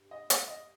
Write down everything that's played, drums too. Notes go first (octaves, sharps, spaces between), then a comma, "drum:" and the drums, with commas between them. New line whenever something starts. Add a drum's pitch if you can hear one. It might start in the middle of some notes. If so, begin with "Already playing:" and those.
Already playing: G2
D#5
F5, drum: hi-hat
D#5